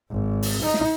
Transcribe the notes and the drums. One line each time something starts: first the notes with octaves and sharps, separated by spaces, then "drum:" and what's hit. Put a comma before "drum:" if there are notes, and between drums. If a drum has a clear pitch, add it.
G#1
drum: open hi-hat
D#4
drum: snare